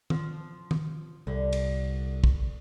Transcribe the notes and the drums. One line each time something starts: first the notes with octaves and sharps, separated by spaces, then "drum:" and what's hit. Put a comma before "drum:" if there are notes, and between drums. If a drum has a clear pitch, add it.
F3, drum: tom D#3
drum: tom D#3
C2 D3
drum: cymbal
drum: kick